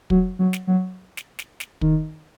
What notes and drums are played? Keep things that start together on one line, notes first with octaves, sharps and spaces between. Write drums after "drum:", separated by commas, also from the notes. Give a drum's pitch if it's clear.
F#3, drum: kick
F#3
drum: snare
F#3
drum: snare
drum: snare
drum: snare
D#3, drum: kick